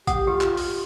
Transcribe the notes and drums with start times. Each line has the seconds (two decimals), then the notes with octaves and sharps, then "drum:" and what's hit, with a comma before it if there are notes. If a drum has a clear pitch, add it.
0.07 G4 F#5 D#6, drum: kick A1, hi-hat
0.27 F4 G4
0.41 drum: clap
0.57 drum: open hi-hat